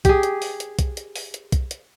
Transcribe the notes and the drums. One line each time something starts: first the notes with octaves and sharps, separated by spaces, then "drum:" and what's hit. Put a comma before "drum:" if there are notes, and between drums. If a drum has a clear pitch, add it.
G4 G#4, drum: kick B1, hi-hat
drum: hi-hat
drum: open hi-hat
drum: hi-hat
drum: kick B1, hi-hat
drum: hi-hat
drum: open hi-hat
drum: hi-hat
drum: kick B1, hi-hat
drum: hi-hat